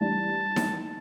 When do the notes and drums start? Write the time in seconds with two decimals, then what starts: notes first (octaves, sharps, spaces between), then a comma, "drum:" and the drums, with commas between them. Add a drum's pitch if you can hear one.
0.01 E3 G3 D4 A5
0.56 drum: snare D#4